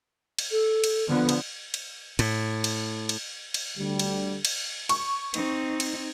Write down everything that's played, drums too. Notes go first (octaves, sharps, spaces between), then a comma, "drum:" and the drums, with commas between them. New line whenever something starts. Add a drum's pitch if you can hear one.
drum: cymbal
A4
drum: cymbal
D3 F3 B3
drum: cymbal
drum: cymbal
A2, drum: cymbal
drum: cymbal
drum: cymbal
drum: cymbal
D2 D3 G3
drum: cymbal
drum: cymbal
C#6, drum: cymbal
C4 D#4, drum: cymbal
drum: cymbal